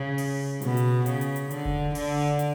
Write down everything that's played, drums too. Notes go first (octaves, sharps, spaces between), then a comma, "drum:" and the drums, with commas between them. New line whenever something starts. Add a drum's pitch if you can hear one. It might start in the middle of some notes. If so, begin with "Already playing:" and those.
Already playing: C#3
drum: open hi-hat
B2, drum: hi-hat
drum: hi-hat
C#3, drum: hi-hat
drum: hi-hat
drum: hi-hat
D3, drum: hi-hat
drum: kick F1
D3, drum: open hi-hat
drum: hi-hat